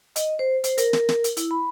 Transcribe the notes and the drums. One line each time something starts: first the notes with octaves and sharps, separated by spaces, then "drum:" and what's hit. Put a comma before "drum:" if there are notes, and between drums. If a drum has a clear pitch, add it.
D#5, drum: hi-hat
C5
C5, drum: hi-hat
A#4, drum: hi-hat
drum: snare
drum: snare
drum: hi-hat
E4, drum: hi-hat
B5